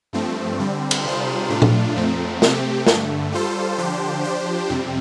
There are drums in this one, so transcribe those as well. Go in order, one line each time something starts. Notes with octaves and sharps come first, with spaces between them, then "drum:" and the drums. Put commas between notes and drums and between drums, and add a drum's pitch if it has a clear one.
G2 F3 A3 C4
D3 G3 C4
drum: cymbal
C3 G3 F4 C5
A2 A3 D4 F4
drum: tom A#2
F2 F3 A3 C4
C3 A3 C4 G4, drum: snare
G2 D3 A3, drum: snare
G3 F4 A4 C5
D3 F3 D4 G4 C5
F3 D4 G4 C5
F2 C3 G3 C4